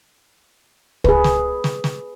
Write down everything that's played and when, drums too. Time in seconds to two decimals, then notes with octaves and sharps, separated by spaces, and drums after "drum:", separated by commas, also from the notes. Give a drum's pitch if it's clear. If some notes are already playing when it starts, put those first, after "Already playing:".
1.04 G#4 B4, drum: kick
1.24 drum: snare
1.64 drum: snare
1.84 drum: snare